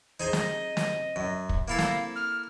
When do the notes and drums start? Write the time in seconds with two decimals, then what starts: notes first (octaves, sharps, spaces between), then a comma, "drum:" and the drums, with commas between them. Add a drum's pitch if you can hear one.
0.20 D#4 G#4 C5 G#5
0.33 D#5, drum: snare
0.77 drum: snare
1.16 F#2
1.49 drum: kick
1.68 A#3 E4 A4 F5
1.78 drum: snare
2.16 F6